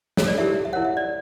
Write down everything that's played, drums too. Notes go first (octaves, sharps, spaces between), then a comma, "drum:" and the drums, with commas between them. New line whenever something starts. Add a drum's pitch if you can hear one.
C#5, drum: snare
D5
E4 G4 A#4 E5
E5
E4 A#4 C#5 F#5
E5
D5